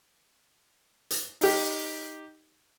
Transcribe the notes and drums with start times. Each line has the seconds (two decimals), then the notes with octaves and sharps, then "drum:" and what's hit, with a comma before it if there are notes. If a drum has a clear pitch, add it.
1.10 drum: hi-hat
1.41 D#4 G4, drum: open hi-hat